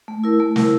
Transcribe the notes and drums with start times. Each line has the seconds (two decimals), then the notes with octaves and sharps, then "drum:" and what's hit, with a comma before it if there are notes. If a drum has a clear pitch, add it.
0.08 A3
0.24 E4 A#4
0.40 A3
0.56 E4 A#4, drum: snare